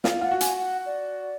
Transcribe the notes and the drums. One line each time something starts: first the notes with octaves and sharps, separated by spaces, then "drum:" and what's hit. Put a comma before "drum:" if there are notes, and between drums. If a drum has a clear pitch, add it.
F4 F5, drum: snare
F4 F#5
F#4
G#5, drum: hi-hat
F#5
D5